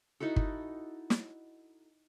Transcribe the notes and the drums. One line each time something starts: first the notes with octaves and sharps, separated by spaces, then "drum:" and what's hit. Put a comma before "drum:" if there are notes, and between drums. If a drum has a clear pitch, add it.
D#4 E4 F#4 A4
drum: kick G1
drum: snare